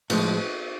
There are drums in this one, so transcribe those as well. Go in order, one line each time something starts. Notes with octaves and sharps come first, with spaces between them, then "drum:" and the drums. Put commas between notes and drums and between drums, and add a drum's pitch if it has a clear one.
A2 F3 G#3, drum: cymbal